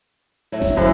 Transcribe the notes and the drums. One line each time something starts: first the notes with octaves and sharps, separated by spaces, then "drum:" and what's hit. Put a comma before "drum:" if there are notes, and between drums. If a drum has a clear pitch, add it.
A2 F#3 E4
drum: snare G1
F#2 F3 A3 E4